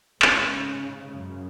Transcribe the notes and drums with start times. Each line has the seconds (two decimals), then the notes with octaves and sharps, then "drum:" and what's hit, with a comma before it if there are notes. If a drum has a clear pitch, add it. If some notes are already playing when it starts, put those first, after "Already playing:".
0.22 G#2 C#3, drum: clap
1.14 F#2 C#3